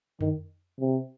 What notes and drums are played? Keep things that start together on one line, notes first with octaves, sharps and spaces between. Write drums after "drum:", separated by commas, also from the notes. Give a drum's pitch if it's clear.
D#3, drum: tom F#2
C3